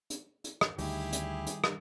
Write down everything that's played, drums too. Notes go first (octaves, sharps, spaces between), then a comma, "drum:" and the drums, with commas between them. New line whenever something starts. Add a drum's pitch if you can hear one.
drum: hi-hat
drum: hi-hat
drum: rim click
D2 G2 D#3 E4 G4 G#4, drum: open hi-hat
drum: hi-hat
drum: hi-hat
drum: rim click